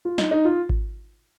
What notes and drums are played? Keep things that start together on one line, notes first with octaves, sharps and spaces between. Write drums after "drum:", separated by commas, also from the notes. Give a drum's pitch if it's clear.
F4
D#4, drum: snare
D#4
F4
drum: kick G#1